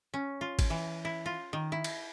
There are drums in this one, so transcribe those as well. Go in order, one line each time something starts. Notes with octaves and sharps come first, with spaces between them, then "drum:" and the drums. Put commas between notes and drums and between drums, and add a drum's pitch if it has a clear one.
C#4
F4
drum: kick, cymbal
E3
E4
F4
D#3
E4
drum: cymbal